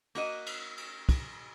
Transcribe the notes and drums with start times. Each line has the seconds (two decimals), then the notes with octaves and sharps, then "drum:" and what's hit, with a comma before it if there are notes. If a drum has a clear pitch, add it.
0.15 A#3 F#4 D#5, drum: cymbal
0.46 drum: cymbal
0.77 drum: cymbal
1.09 drum: kick, cymbal